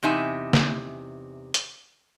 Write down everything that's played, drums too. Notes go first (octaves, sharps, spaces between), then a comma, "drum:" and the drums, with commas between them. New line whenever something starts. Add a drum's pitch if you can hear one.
E2 C3 D#4 E5 G#5
drum: snare
drum: hi-hat